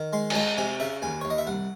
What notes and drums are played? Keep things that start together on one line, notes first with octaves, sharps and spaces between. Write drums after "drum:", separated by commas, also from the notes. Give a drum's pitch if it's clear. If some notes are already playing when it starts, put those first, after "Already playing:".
Already playing: D#3
G#3 C6
G#5, drum: cymbal
G#3 A5
C3 G#5
C#3 E5
D#2 G#5
C#5
D#2
D#5
E5
C2 F#5